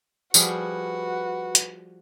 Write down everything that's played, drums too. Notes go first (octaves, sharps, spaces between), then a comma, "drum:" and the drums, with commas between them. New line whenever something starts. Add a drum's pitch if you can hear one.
F3 G3 F#4 G#4 B4, drum: tambourine
drum: hi-hat